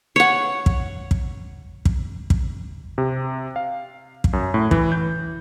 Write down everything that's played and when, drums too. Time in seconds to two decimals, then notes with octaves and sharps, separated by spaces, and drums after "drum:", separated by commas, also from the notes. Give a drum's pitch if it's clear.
0.16 C#5 F#5
0.66 drum: kick
1.11 drum: kick
1.85 drum: kick
2.30 drum: kick
2.98 C3
3.56 F5
4.24 drum: kick
4.33 F#2
4.54 A2
4.71 E3, drum: kick
4.92 G6